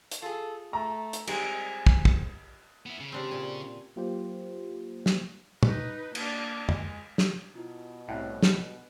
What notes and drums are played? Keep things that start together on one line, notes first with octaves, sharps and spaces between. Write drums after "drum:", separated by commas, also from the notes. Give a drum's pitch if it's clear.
drum: hi-hat
F4 G#4 A4
A3 A#5
drum: hi-hat
G3 G#3 C4 D#4 G#5, drum: cymbal
drum: kick
drum: kick
B3 E4
C#3
C4 D4 G4
A#2 G#5
F#3 A#3 F4 G4 C5
drum: snare
D#4 B4, drum: tom
A#3 D4, drum: cymbal
G#3, drum: tom
drum: snare
B2 E4 F4
C2 A2 G#5 F#6
drum: snare